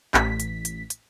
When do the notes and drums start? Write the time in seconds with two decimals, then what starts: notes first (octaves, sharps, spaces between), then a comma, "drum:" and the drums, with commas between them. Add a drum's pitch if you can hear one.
0.14 A1 B6, drum: clap
0.40 drum: hi-hat
0.65 drum: hi-hat
0.90 drum: hi-hat